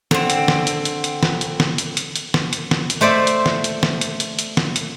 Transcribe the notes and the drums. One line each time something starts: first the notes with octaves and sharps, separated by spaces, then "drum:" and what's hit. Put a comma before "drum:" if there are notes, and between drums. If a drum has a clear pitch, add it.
D3 C4, drum: snare
drum: hi-hat
drum: snare
drum: hi-hat
drum: hi-hat
drum: hi-hat
drum: snare
drum: hi-hat
drum: snare
drum: hi-hat
drum: hi-hat
drum: hi-hat
drum: snare
drum: hi-hat
drum: snare
drum: hi-hat
A3 C5 D5 E5
drum: hi-hat
drum: snare
drum: hi-hat
drum: snare
drum: hi-hat
drum: hi-hat
drum: hi-hat
drum: snare
drum: hi-hat